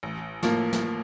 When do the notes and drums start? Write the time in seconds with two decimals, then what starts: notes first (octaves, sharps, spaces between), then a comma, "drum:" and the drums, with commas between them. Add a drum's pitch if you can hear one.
0.03 A1
0.43 A2 F3 A#3, drum: snare
0.72 drum: snare